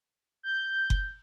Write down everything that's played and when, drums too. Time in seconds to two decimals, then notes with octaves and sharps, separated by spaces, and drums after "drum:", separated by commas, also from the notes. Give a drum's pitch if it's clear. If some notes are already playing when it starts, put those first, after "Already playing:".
0.43 G6
0.90 drum: kick F#1